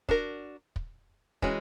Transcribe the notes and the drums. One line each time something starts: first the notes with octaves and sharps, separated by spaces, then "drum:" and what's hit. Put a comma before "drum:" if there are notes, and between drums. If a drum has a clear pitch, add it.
D4 F#4 A#4, drum: kick
drum: kick
E3 G#3 C#4 F#4, drum: kick